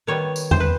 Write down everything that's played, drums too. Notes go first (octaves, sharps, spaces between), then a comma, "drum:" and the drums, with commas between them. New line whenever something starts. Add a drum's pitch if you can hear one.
D#3 G3 B3 C#5
drum: tambourine
C5, drum: tom E2
B4